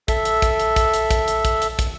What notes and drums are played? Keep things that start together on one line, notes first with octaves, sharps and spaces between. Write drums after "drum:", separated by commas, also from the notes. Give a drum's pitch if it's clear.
A4 E5, drum: kick, hi-hat
drum: hi-hat
drum: kick, hi-hat
drum: hi-hat
drum: kick, hi-hat
drum: hi-hat
drum: kick, hi-hat
drum: hi-hat
drum: kick, hi-hat
drum: hi-hat
drum: kick, hi-hat